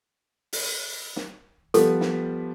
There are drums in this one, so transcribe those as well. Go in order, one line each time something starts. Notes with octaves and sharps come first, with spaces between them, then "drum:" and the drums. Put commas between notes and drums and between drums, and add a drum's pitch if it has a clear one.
drum: open hi-hat
drum: snare
F3 G3 B3 A4, drum: hi-hat
drum: snare